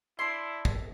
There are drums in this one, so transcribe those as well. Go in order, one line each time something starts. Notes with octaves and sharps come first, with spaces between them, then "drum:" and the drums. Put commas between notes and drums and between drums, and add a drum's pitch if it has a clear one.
D4 E4 C6
drum: kick